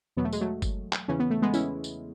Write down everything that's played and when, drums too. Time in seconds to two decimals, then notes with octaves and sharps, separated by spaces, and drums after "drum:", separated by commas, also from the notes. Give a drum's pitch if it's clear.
0.17 E2 B2 F#3 B3
0.24 A3
0.33 G#3, drum: tambourine
0.41 F#3 A3
0.62 drum: kick G1, tambourine
0.93 drum: clap
1.08 E2 C#3 E3 C#4
1.19 B3
1.30 A3
1.42 G#3 B3
1.54 C#4 E4, drum: tambourine
1.84 drum: tambourine